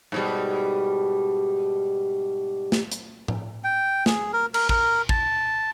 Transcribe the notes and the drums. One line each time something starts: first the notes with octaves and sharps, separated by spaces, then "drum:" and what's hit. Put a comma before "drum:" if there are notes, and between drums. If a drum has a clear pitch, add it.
G#2 B2 G3
drum: snare
drum: hi-hat
drum: tom A2
G5
G#4, drum: snare
A#4
A#4, drum: cymbal
A#4, drum: kick
A5, drum: kick